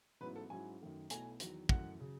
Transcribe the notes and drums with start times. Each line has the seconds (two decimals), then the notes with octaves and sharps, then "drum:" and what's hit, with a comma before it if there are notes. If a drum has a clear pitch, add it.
0.21 A1 G#2 F#3 B3 E4 B4
0.36 A4
0.50 G#2 F#3 C#4 E4 G#5
0.81 F#2 D#3 A3
1.10 B1 B2 A3 E4 G#5, drum: hi-hat
1.40 E2 D#3 F#3, drum: hi-hat
1.69 F#2 E3 A3 F#5, drum: kick
1.99 C#3 F#3